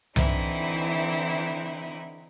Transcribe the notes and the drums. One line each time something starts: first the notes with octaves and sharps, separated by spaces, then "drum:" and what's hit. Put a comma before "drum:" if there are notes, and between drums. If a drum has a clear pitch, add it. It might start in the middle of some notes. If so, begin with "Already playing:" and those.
D3 E3 C4 D#4 E4, drum: tom C2